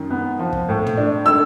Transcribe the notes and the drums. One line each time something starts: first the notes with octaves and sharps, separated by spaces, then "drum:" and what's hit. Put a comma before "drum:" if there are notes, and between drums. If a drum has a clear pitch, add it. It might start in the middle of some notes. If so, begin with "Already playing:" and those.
Already playing: F#2 D#3
B3
F3
drum: kick
A2
drum: tom
D4
D3 E6